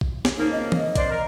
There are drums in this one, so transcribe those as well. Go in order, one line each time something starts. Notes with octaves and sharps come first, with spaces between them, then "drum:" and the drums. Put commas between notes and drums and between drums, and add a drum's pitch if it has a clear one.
drum: kick
drum: snare
C#3 F3 A#3 D#4
D#5
drum: tom E3
D4 C5 D5, drum: kick, hi-hat
A#4